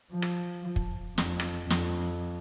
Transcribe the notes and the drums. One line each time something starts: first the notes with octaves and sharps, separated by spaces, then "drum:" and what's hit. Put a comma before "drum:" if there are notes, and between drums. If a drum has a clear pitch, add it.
F3
drum: rim click
drum: kick
F2, drum: snare
drum: rim click
F2, drum: snare